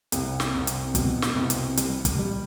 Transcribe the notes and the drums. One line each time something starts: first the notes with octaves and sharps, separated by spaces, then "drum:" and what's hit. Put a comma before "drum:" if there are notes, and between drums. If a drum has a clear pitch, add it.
C2, drum: hi-hat
drum: snare
C2
drum: hi-hat
B2, drum: kick, hi-hat
drum: snare
C2
drum: hi-hat
G3, drum: hi-hat
drum: kick, hi-hat
G3